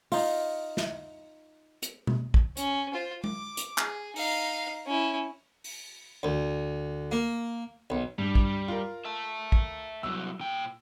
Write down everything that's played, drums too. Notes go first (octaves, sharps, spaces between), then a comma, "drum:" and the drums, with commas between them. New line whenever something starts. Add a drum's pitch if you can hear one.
D#4 F4, drum: open hi-hat
drum: snare
drum: hi-hat
drum: tom B2
drum: kick
C#4, drum: hi-hat
F4 C5
D6, drum: tom G#3
drum: hi-hat
G#4, drum: clap
D#4 F5, drum: open hi-hat
C#4 E4
drum: open hi-hat
D2
A#3
B1
G2 G3
drum: kick
F4 A#4
E5 A5
drum: kick
C2 F#3 E6
A#2 G5